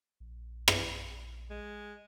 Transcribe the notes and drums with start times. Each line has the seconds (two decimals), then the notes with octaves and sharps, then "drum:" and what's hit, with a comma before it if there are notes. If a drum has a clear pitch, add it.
0.20 A#1
0.68 drum: rim click
1.50 G#3